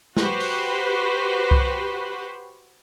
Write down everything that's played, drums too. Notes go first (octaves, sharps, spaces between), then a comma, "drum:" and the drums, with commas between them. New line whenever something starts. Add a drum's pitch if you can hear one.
F#4 G4 B4 C5, drum: snare
drum: open hi-hat
drum: kick C2